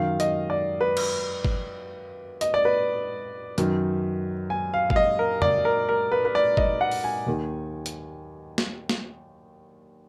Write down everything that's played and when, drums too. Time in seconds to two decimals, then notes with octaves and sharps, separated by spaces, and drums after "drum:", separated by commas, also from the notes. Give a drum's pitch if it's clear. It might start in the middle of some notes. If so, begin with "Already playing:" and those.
Already playing: F#2 D#3 F5
0.20 D#5, drum: hi-hat
0.50 D5
0.81 B4
0.97 drum: cymbal
1.45 drum: kick G1
2.41 D#5, drum: hi-hat
2.54 D5
2.65 B4
3.58 F#2 D#3, drum: hi-hat
4.50 G#5
4.74 F5
4.90 F5, drum: kick G1
4.96 D#5
5.19 A#4
5.42 D5, drum: tom
5.65 A#4
5.89 A#4
6.12 B4
6.25 B4
6.35 D5
6.57 D#5, drum: kick G1
6.81 F#5
6.91 drum: open hi-hat
7.04 G#5
7.26 D#2 D#3
7.86 drum: hi-hat
8.58 drum: snare
8.89 drum: snare